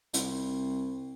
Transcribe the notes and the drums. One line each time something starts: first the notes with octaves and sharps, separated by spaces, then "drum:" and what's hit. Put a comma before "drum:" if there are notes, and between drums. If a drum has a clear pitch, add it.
C2, drum: hi-hat